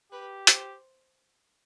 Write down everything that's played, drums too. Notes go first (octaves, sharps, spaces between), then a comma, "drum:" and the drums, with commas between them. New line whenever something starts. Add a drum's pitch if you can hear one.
G4 B4
C5, drum: hi-hat